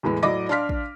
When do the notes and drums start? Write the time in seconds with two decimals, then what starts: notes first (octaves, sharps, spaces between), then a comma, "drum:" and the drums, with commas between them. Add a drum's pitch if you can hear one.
0.03 E2 A2 E3 G#3
0.23 A2 F#3 D5 D#5 D6 A#6
0.49 D4 F5 C6 F6 B6
0.69 drum: kick A1